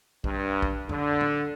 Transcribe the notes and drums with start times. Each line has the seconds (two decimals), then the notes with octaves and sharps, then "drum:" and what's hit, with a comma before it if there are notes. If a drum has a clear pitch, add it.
0.24 G2, drum: kick
0.62 drum: kick
0.89 D3, drum: tom F2
1.21 drum: tom A2